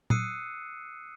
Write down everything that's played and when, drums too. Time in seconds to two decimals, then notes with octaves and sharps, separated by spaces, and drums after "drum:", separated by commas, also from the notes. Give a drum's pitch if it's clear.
0.10 D#6 E6 F#6 C7 C#7 D#7, drum: tom A#2